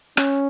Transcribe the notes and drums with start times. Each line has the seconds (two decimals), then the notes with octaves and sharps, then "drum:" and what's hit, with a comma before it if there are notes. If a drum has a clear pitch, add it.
0.17 C#4, drum: rim click